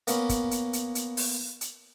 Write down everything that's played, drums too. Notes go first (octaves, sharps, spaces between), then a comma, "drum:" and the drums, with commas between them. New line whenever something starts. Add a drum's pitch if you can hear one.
A#3 B3 C#4, drum: hi-hat
drum: kick, hi-hat
drum: hi-hat
drum: hi-hat
drum: hi-hat
drum: open hi-hat
drum: hi-hat